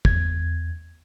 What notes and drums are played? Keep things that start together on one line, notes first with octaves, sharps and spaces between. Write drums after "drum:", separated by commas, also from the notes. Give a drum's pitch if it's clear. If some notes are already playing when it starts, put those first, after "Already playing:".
E2 G#6, drum: kick